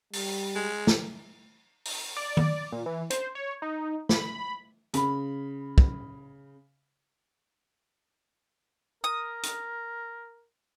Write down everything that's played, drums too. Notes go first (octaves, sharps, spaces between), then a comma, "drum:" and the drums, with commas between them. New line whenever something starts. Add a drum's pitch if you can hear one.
G3, drum: open hi-hat
G#3
drum: snare
drum: open hi-hat
D5
drum: tom
A#2
E3
C5, drum: hi-hat
C#5
D#4
B5, drum: snare
C#3 B5, drum: hi-hat
drum: kick
A#4 D#6
drum: hi-hat